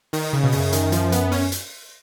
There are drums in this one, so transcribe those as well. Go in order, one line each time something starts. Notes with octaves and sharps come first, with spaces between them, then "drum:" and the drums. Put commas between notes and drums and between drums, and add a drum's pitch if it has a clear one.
D#3, drum: open hi-hat
C#3
B2
F#2 C#3, drum: open hi-hat
D#3, drum: hi-hat
F3, drum: hi-hat
B3, drum: hi-hat
C#4, drum: open hi-hat
drum: hi-hat